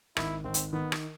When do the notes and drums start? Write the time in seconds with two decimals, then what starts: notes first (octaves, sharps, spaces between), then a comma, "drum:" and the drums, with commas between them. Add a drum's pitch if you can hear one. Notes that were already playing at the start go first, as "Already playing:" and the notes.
0.17 G#1 E4, drum: rim click
0.44 G#1 C4
0.54 drum: hi-hat
0.73 D#3 B3
0.92 drum: rim click